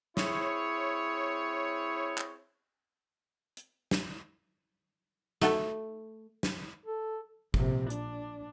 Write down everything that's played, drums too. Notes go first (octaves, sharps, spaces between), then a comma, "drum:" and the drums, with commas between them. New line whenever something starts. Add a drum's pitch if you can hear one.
C4 E4 G#4 C#5, drum: snare
drum: clap
drum: hi-hat
drum: snare
A3 D#4 F#4 A4, drum: snare
drum: snare
A4
A#1 C3, drum: kick
D4, drum: hi-hat